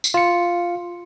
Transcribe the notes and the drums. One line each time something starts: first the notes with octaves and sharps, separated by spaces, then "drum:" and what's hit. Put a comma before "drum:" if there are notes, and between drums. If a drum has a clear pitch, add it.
drum: tambourine
F4 C#7